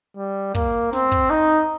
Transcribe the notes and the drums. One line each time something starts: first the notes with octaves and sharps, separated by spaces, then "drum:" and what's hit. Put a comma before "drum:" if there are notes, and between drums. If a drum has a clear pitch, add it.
G3
A#3, drum: kick
C4, drum: snare
drum: kick
D#4